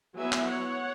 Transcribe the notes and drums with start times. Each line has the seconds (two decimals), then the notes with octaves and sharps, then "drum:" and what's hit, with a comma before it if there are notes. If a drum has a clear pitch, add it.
0.18 F#3 B3 E4 E5 G#5
0.32 drum: clap
0.47 C#5 F#5